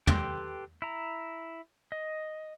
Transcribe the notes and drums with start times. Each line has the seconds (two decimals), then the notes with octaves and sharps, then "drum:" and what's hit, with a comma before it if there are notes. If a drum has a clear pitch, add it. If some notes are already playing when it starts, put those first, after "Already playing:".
0.07 G4 A4 B4 G5 C6, drum: tom
0.82 E4 A#5
1.92 D#5